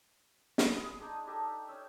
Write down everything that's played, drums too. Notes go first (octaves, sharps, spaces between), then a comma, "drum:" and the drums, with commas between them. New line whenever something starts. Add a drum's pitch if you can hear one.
B3, drum: snare
G#4 C6 D#6
G#3 D4 D#4
D4 D#4 G4 A4
C#4 E6